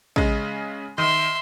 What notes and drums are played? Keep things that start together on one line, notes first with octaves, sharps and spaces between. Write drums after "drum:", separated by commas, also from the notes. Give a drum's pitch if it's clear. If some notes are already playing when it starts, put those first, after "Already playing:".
C#3 G#3, drum: kick
D#3 E5 C6